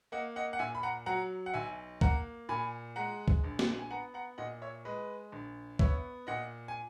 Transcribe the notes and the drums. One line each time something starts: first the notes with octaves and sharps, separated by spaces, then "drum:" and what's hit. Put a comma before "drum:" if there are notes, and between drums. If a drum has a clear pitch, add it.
A#3 D#5 F#5
D#5 F#5
F#5
A#2 E5 G#5
B5
F#5 A#5
F#3 F#5 A#5
F#5
B1 E5 G#5
A#3 F#5 A#5, drum: kick C2
A#2 G#5 B5
G#3 F#5 A#5
drum: kick C2
A#1
drum: snare
G#5
B3 F#5 A#5
F#5 A#5
A#2 D#5 F#5
C#5 E5
G#3 B4 D#5
A#1
B3 C#5 E5, drum: kick C2
A#2 D#5 F#5
G#5